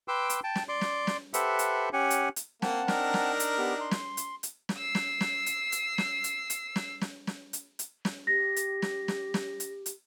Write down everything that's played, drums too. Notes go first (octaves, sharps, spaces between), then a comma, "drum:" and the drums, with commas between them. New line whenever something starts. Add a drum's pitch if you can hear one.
B4 G5 C6 D6 E6
drum: hi-hat
G5 A5
drum: snare
D5 C6 D6
drum: snare
drum: snare
G4 A4 B4 C5 E5 F#5, drum: hi-hat
drum: hi-hat
C#4 G4 F#5 G#5
drum: hi-hat
drum: hi-hat
A#3 C4 F#5 A5, drum: snare
D4 D#4 A#4, drum: snare
drum: snare
drum: hi-hat
B3 G4
C6
drum: snare
drum: hi-hat
drum: hi-hat
drum: snare
E6 C7
drum: snare
drum: snare
drum: hi-hat
drum: hi-hat
drum: snare
drum: hi-hat
drum: hi-hat
drum: snare
drum: snare
drum: snare
drum: hi-hat
drum: hi-hat
drum: snare
G4 A#6
drum: hi-hat
drum: snare
drum: snare
drum: snare
drum: hi-hat
drum: hi-hat